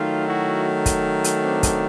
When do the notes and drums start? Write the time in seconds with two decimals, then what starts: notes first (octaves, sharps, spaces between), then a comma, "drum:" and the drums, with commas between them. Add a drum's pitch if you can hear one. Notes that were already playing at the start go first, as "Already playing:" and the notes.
Already playing: D#3 F#3 A3 D#4 F4
0.28 E4 F#4
0.86 drum: kick, hi-hat
1.24 drum: hi-hat
1.43 C4 D4
1.63 drum: kick, hi-hat